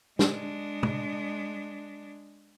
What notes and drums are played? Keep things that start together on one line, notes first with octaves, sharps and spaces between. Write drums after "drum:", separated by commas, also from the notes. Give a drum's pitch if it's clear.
G#3 D4, drum: snare
drum: tom